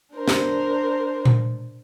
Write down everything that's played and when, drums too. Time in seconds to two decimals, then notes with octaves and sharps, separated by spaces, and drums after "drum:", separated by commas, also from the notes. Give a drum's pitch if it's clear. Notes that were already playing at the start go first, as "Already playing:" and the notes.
0.15 D4 A#4 C5
0.28 drum: snare
1.25 drum: tom A#2